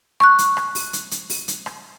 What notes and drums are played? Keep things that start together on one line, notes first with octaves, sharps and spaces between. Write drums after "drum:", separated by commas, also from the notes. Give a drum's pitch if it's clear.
C#6 F#6, drum: rim click
drum: hi-hat
drum: rim click
drum: open hi-hat
drum: hi-hat
drum: hi-hat
drum: open hi-hat
drum: hi-hat
drum: rim click